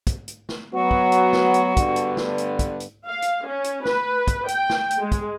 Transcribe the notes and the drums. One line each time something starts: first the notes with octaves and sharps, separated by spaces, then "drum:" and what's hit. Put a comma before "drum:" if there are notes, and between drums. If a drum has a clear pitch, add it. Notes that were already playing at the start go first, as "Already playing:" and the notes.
drum: kick, hi-hat
drum: hi-hat
drum: snare
F#3 B3 F#4
drum: kick
drum: hi-hat
drum: snare
drum: hi-hat
G2 D3 B3, drum: kick, hi-hat
drum: hi-hat
drum: snare
drum: hi-hat
drum: kick, hi-hat
drum: hi-hat
F5
drum: hi-hat
C#4
drum: hi-hat
B4, drum: snare
drum: kick, hi-hat
G5, drum: hi-hat
drum: snare
drum: hi-hat
G#3
drum: kick, hi-hat